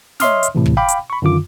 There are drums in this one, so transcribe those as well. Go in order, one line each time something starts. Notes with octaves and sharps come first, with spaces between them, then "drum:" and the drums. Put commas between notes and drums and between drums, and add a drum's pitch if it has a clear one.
C#5 D#5 E5 C6 D#6 F6, drum: snare
drum: hi-hat
A2 C3 E3
drum: kick
F5 G5 B5 D6
drum: hi-hat
B5 C#6
F#2 D3 D#3 F4 D6